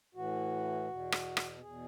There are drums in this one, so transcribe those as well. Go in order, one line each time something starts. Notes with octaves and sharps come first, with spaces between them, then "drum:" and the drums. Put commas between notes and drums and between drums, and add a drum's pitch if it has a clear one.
A2 E3 F#4
E2 B2
drum: rim click
drum: rim click
E2 B2 G#4